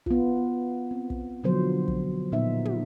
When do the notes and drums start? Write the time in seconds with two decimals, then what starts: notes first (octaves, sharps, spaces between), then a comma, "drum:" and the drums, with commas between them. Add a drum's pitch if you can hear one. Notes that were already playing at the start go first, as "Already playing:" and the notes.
0.06 B3 F4, drum: kick
0.91 C4
1.10 drum: kick
1.43 B2 D3 F3 F#3 B3 C5
1.88 drum: kick
2.32 A#2 B3 D#4 E5
2.65 drum: tom